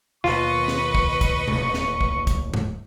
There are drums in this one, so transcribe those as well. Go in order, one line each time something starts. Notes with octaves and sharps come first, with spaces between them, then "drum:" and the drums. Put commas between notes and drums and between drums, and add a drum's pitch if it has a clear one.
D#2 B2 D#3 F4 B4 D#5 C#6
drum: snare
drum: kick
drum: kick, hi-hat
D1 D#2, drum: tom B2
drum: snare
drum: kick
drum: kick, hi-hat
drum: tom G2